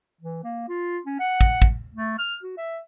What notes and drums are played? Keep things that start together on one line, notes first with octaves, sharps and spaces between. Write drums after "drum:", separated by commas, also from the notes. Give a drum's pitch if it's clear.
E3
A#3
F4
C#4
F#5
drum: kick
drum: kick
A3
F6
F#4
E5